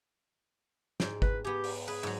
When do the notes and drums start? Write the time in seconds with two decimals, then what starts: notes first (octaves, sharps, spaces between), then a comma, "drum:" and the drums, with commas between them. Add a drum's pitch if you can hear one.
1.00 G#2 G5, drum: snare
1.22 B4, drum: kick G1
1.45 B3 G4 G#4
1.64 drum: open hi-hat
1.88 G#4 B4
2.03 G#2 F#3